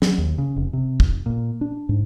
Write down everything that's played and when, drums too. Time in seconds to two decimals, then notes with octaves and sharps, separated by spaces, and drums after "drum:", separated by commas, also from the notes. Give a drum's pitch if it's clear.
0.02 F#3, drum: snare
0.18 D#2
0.38 C#3
0.56 F1
0.73 C3
1.00 F1, drum: kick
1.26 A#2
1.61 D4
1.89 G#2